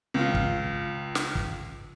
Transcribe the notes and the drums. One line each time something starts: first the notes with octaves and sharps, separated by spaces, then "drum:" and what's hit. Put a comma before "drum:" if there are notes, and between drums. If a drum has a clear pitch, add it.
C#2 F4
drum: kick
drum: snare
drum: kick